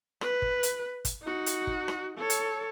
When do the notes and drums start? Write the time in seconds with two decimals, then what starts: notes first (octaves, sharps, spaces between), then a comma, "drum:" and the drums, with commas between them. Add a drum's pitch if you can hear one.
0.21 B4, drum: rim click
0.42 drum: kick
0.63 drum: hi-hat
1.05 drum: kick, hi-hat
1.22 D#4 F#4
1.46 drum: hi-hat
1.67 drum: kick
1.88 drum: rim click
2.18 A4 C#5
2.30 drum: hi-hat